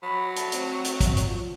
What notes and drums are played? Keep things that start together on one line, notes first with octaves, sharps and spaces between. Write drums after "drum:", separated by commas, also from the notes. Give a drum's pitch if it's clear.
F#3 B5
E5 A5 B5, drum: hi-hat
A3 C4 C5, drum: hi-hat
drum: hi-hat
drum: kick, hi-hat
drum: hi-hat
F3 F4